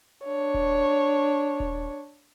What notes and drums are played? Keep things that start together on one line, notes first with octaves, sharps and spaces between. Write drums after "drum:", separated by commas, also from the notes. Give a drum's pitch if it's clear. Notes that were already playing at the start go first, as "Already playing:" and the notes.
D4 C#5
drum: kick D#1
drum: kick D#1